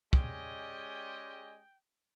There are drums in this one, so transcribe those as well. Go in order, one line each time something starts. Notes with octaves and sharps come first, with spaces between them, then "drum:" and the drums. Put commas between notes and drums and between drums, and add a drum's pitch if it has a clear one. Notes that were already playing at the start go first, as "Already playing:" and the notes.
G#3 C#4 G4 D5 D#5 G5 G#5, drum: kick